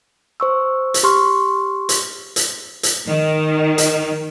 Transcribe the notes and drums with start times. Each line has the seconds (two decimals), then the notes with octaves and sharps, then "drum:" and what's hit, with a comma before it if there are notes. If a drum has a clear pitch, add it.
0.40 C5 C#6 E6
0.94 drum: hi-hat
1.03 G4 C6 C#6 F6
1.89 drum: hi-hat
2.36 drum: hi-hat
2.83 drum: hi-hat
3.07 D#3
3.78 drum: hi-hat